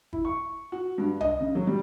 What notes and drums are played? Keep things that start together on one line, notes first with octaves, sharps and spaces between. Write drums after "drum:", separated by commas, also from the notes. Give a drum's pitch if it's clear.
E4, drum: kick
C#6
F#4
G2
D#5, drum: tom C2
C#3
F#3
G3